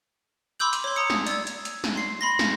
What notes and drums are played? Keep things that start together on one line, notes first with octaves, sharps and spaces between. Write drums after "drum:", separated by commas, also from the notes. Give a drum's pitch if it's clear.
B5 C6 D6 E6 G6 F#7
drum: hi-hat
C#5 C6
A#5 D#6 C#7
drum: snare
D5 E6 G#6, drum: hi-hat
drum: hi-hat
drum: hi-hat
drum: snare
C6 C7
B5 C6 A#6
drum: snare